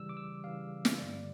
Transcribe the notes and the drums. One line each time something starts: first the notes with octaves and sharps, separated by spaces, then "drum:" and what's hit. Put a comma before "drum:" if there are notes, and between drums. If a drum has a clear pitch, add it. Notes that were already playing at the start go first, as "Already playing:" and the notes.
Already playing: C#3 E3 G3 E6
D6
E6
C#3 E3 G3 F5
drum: snare
G2 D3 G3 A#3 D5